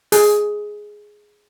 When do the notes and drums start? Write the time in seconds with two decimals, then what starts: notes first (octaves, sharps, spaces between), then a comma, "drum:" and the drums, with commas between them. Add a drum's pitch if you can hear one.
0.12 G#4, drum: open hi-hat